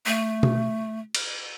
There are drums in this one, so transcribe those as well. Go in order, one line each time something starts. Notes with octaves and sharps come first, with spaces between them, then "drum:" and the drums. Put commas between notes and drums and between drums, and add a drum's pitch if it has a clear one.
A3
drum: tom B2
drum: cymbal